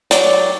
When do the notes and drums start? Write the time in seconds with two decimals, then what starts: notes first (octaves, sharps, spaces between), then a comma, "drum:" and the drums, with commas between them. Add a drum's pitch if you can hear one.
0.11 F#3 D5, drum: hi-hat